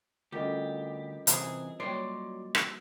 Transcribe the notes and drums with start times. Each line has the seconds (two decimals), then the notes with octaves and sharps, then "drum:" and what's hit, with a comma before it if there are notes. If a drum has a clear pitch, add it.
0.32 D2 G3 C#4 F4 G4 A4 A#4 D#5
1.27 C3 E3 G#4, drum: hi-hat
1.80 F#3 G3 A#3 F#4 C#5 D5 G5 C6
2.55 drum: rim click